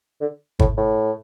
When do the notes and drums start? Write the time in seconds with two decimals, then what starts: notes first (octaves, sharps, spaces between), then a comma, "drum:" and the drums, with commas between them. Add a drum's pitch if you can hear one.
0.21 D3
0.59 A2, drum: kick
0.77 A2